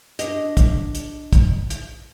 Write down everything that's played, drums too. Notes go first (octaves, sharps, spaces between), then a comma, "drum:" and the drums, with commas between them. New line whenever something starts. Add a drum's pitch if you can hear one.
D4 D#5, drum: hi-hat
drum: kick, hi-hat
drum: hi-hat
drum: kick, hi-hat
drum: hi-hat